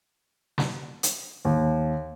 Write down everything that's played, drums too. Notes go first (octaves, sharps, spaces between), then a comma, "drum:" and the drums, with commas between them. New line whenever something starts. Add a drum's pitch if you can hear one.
drum: snare
drum: hi-hat
D#2